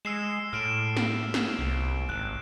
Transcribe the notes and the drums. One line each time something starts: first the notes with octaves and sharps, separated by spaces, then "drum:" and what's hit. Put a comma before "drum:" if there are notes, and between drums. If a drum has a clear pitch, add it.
G#3 E6 C7 E7
A2 F6 D7 E7
drum: snare
drum: snare
C2
G#1 F#6